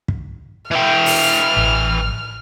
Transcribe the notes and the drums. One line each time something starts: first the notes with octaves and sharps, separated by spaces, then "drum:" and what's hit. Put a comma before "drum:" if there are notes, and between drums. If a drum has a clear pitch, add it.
drum: kick
E3 G5 F6
drum: open hi-hat
A1